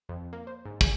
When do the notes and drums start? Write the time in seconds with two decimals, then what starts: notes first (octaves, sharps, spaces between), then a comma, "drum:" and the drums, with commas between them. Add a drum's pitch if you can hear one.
0.09 F2
0.33 A#3
0.47 C5
0.65 G#2
0.81 G#4, drum: kick